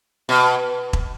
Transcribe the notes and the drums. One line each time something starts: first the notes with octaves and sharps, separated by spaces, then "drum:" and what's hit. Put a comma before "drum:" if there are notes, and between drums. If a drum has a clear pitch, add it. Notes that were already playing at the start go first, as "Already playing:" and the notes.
B2
drum: kick E1